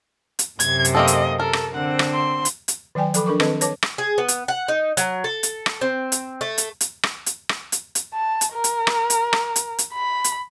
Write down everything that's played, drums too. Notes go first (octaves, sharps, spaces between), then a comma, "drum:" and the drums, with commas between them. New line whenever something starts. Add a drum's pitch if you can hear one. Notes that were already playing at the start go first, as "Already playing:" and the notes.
drum: hi-hat
F#2 C3 G#6, drum: hi-hat
drum: hi-hat
A#3 C4 A4 D#5
drum: hi-hat
A4 A#4
drum: rim click
D3 C4 F#5
drum: rim click
C6
drum: hi-hat
drum: hi-hat
D#3 F#3 D5 G5 G#5
F3 F#3 A4 B5 D6, drum: hi-hat
D4 A4 A#4 C#6 D6
D#3 C4 A4 B4 D#5, drum: rim click
B4 C#5 A5 D6, drum: hi-hat
drum: rim click
G#4
B3
drum: hi-hat
F#5
D#4
F#3, drum: hi-hat
A4
drum: hi-hat
drum: rim click
C4
drum: hi-hat
A3
drum: hi-hat
drum: hi-hat
drum: rim click
drum: hi-hat
drum: rim click
drum: hi-hat
drum: hi-hat
A5
drum: hi-hat
A#4
drum: hi-hat
drum: rim click
drum: hi-hat
drum: rim click
drum: hi-hat
drum: hi-hat
B5
drum: hi-hat